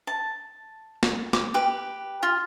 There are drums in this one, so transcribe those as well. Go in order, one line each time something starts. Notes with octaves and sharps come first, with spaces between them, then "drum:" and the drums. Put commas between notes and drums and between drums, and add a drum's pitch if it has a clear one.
A5
drum: snare
D6, drum: snare
G4 B4
F4